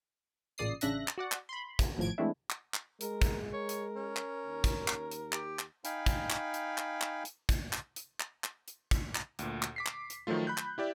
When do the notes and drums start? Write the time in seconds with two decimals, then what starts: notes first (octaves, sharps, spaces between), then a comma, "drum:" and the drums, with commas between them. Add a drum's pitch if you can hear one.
0.58 A1 A#2 C#3 D5 D#6 C7
0.81 A1 C#3 D4 E5 F#6 A#6, drum: hi-hat
1.08 drum: clap
1.18 F#4 D5 F#5
1.32 drum: clap
1.49 B5 C6
1.79 drum: kick, hi-hat
1.98 G#1 A2 F3 G#6 D7
2.18 E3 G#3 A3 C4 D4 E4
2.50 drum: clap
2.74 drum: clap
3.01 G#3 A#4, drum: hi-hat
3.22 drum: kick, hi-hat
3.53 A#4 C#5
3.69 drum: hi-hat
3.96 C#4
4.16 drum: clap
4.45 D#2
4.64 drum: kick, hi-hat
4.88 drum: clap
5.11 drum: hi-hat
5.33 G4, drum: clap
5.59 drum: clap
5.85 D#4 F5 G5 G#5 B5, drum: hi-hat
6.06 drum: kick, hi-hat
6.30 drum: clap
6.54 drum: hi-hat
6.78 drum: clap
7.01 drum: clap
7.25 drum: hi-hat
7.49 drum: kick, hi-hat
7.73 drum: clap
7.96 drum: hi-hat
8.20 drum: clap
8.44 drum: clap
8.68 drum: hi-hat
8.91 drum: kick, hi-hat
9.15 drum: clap
9.39 D2 A#2, drum: hi-hat
9.63 drum: clap
9.76 D6 B6 C7
9.86 drum: clap
10.10 drum: hi-hat
10.27 D#3 F3 F#3 A3 F4
10.47 B5 F#6 G6
10.58 drum: clap
10.78 E4 G4 D5 E5